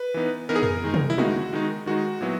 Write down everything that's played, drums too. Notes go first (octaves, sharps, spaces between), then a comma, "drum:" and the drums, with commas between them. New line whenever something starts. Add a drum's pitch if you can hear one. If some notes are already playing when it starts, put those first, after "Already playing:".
Already playing: B4
E3 B3 D#4
E3 B3 D#4 A#4
G#4
A#4, drum: tom F2
D#3 G#3 D#4
drum: tom
E4
D#3 G#3 D#4 F#4, drum: tom G#3
D#3 G#3 D#4
D#3 G#3 D#4 F#4
A#2 F#3 B3 E4